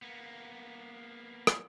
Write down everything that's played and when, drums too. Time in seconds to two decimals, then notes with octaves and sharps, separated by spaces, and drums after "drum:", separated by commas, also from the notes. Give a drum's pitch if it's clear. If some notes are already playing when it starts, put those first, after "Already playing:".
0.02 A#3 B3
1.47 drum: rim click